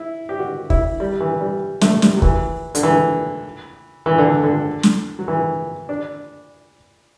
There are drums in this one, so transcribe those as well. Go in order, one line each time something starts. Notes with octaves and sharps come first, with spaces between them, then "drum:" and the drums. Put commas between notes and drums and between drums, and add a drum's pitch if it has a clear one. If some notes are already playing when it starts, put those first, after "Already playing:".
Already playing: E4
G4
F#4
E4, drum: kick
G3
E3
G3
A3, drum: snare
G3, drum: snare
F#3
E3, drum: kick
D3, drum: hi-hat
E3
E3
D3
D3
drum: snare
F#3
E3
D4